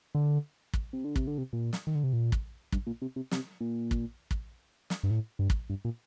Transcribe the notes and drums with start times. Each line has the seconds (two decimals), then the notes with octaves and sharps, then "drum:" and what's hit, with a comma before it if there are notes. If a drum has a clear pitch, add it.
0.15 D3
0.73 drum: kick
0.93 C3
1.05 D3
1.16 C3, drum: kick
1.27 D3
1.38 C3
1.53 A#2
1.73 drum: snare
1.87 D#3
1.95 D3
2.04 C3
2.13 A#2
2.32 drum: kick
2.72 G2, drum: kick
2.87 A#2
3.02 C3
3.16 C3
3.31 C3, drum: snare
3.61 A#2
3.91 drum: kick
4.31 drum: kick
4.90 drum: snare
5.03 G2
5.11 A2
5.39 G2
5.50 drum: kick
5.70 G2
5.85 A#2